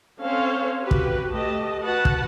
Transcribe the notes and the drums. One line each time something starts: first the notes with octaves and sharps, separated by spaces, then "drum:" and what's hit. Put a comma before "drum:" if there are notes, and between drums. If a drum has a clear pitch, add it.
C4 C#4 A4 C5 C#5 F5
F#4 G4 B4
drum: kick
A3 G4 D#5 A5
F#4 B4 F#5 A5
drum: kick